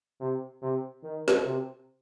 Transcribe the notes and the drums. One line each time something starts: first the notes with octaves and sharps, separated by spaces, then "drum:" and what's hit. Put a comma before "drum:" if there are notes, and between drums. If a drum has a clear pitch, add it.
C3
C3
D#3
drum: snare
C3